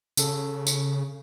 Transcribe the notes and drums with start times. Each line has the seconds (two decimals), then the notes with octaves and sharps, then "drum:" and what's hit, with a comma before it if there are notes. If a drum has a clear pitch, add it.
0.17 C#3 C#4 A4, drum: tambourine
0.67 drum: tambourine